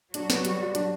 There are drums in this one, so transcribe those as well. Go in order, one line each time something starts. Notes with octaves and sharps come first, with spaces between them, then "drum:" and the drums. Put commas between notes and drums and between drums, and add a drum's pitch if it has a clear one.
F#3 D4 F#4, drum: hi-hat
B3, drum: snare
G3, drum: hi-hat
G3
D4, drum: hi-hat